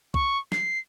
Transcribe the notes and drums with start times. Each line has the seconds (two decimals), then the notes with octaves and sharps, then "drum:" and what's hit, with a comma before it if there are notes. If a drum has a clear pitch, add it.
0.14 C#6, drum: kick
0.52 C7, drum: snare